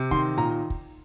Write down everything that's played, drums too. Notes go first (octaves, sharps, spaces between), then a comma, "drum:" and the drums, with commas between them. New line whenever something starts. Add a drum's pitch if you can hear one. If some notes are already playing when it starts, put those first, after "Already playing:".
Already playing: C3
D#3 C6, drum: kick
A#2 A#5
drum: kick